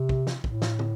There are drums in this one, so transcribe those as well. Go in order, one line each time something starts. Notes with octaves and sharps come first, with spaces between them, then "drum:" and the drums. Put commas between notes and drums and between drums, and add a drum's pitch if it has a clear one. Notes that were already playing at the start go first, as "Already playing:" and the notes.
Already playing: C3
drum: kick
drum: snare
A2, drum: kick
drum: snare
drum: tom